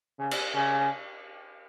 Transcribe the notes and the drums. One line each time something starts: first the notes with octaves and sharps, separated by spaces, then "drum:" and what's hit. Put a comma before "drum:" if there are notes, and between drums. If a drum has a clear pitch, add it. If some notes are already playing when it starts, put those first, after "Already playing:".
C#3
drum: cymbal
C#3